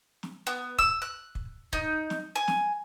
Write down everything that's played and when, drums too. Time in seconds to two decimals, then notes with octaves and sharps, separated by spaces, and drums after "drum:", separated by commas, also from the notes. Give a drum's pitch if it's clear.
0.23 drum: snare
0.47 B3
0.79 E6, drum: kick
1.02 F#6
1.35 drum: kick
1.73 D#4, drum: kick
2.10 drum: snare
2.36 G#5
2.48 drum: snare